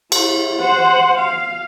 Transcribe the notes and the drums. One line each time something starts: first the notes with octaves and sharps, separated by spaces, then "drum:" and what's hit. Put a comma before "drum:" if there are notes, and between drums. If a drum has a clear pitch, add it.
E4, drum: cymbal
C5 F#5
F5